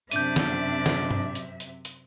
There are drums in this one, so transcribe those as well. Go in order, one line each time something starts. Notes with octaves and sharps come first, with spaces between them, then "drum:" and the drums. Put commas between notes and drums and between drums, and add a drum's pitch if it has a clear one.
F#2 C3 D4 D5 E5 G6 D#7, drum: hi-hat
drum: snare
drum: snare
drum: tom
drum: hi-hat
drum: hi-hat
drum: hi-hat